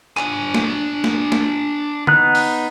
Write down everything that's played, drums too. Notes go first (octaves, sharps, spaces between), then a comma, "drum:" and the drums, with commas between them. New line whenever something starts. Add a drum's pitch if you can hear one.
D4 G#5, drum: clap
drum: snare
drum: snare
drum: snare
B3 D#4 F#6, drum: tom D3
drum: open hi-hat